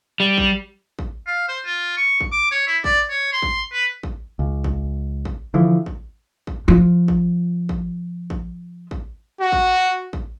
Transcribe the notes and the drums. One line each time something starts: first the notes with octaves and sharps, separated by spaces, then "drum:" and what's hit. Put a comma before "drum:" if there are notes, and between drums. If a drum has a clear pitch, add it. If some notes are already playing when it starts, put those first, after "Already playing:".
G3
drum: kick A1
drum: kick A1
F5
C5
F4
C#6
drum: kick A1
D6
C#5
E4
D5, drum: kick A1
C#5
C6
drum: kick A1
B4
drum: kick A1
C#2
drum: kick A1
drum: kick A1
D3 E3 F3
drum: kick A1
drum: kick A1
F3 F4
drum: kick A1
drum: kick A1
drum: kick A1
drum: kick A1
F#4
drum: kick A1
drum: kick A1